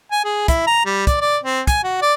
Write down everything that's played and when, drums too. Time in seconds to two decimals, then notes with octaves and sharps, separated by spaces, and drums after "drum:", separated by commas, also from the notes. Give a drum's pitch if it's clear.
0.12 G#5
0.25 G#4
0.48 E4, drum: kick, hi-hat
0.67 A#5
0.86 G3
1.07 D5, drum: kick, hi-hat
1.21 D5
1.44 C4
1.67 G#5, drum: kick, hi-hat
1.84 F#4
2.02 D5